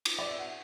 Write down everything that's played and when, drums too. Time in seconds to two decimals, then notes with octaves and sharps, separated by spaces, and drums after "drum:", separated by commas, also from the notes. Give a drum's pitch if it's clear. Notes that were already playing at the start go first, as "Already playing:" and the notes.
0.05 drum: cymbal
0.19 D5
0.29 E5
0.39 F#5